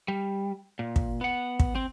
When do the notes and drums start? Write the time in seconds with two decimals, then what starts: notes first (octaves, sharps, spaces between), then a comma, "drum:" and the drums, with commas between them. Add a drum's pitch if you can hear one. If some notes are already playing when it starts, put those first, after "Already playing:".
0.08 G3
0.79 A#2
0.96 drum: kick
1.21 B3 F#5
1.60 drum: kick
1.75 C4